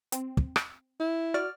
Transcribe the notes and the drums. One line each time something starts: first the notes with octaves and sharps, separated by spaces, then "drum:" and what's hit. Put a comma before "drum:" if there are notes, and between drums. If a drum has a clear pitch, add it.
C4, drum: hi-hat
drum: kick
drum: rim click
E4
F#4 D5 F6